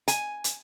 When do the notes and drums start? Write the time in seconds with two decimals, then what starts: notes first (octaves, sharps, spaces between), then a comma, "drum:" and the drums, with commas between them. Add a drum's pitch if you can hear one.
0.08 G#5, drum: hi-hat
0.44 drum: hi-hat